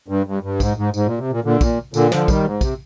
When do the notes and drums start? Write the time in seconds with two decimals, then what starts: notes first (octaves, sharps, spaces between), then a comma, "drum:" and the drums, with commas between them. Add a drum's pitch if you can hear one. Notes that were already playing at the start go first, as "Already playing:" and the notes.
0.08 G2
0.26 G2
0.43 G2
0.60 G#2, drum: kick, tambourine
0.77 G#2
0.94 G#2, drum: tambourine
1.06 A#2
1.18 C3
1.31 A#2
1.44 A#2 D3
1.61 A#2, drum: kick, tambourine
1.94 A#2 D3, drum: tambourine
2.12 D3 F3, drum: snare
2.28 D#3 G3, drum: kick, tambourine
2.44 G#2
2.61 C3, drum: kick, tambourine